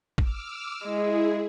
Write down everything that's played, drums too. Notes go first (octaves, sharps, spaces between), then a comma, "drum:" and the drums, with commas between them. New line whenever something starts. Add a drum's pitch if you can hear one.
D6 E6 F6, drum: kick
G#3 E4 G#4